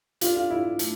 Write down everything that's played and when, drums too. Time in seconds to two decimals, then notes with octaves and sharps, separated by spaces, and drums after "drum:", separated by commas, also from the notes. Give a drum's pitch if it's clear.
0.21 D4 F4 A4 D5 F5, drum: hi-hat
0.36 F4
0.50 E4
0.79 A3 D4, drum: hi-hat